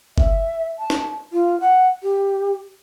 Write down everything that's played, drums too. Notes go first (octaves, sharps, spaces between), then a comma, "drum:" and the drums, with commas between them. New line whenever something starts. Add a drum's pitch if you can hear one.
E5, drum: kick G1
A5
drum: snare
F4
F#5
G4